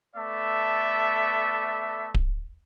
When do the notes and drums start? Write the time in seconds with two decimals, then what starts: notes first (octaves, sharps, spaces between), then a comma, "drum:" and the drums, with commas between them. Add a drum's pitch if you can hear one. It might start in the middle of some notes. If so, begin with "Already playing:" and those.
0.16 A3 B3 A4 D5 E5
2.14 drum: kick D1